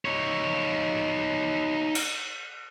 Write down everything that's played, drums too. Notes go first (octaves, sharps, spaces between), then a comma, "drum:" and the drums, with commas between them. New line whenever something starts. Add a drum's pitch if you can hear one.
D#4 C#5
drum: cymbal